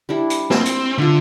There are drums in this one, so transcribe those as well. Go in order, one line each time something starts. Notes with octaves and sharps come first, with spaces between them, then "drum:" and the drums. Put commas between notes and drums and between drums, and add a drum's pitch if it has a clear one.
G3 D4 E4
drum: hi-hat
C4, drum: snare
drum: hi-hat
D3 F4 E5